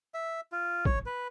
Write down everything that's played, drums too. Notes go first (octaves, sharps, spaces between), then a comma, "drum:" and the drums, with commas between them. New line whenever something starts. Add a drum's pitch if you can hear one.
E5
F4
C#5, drum: kick
B4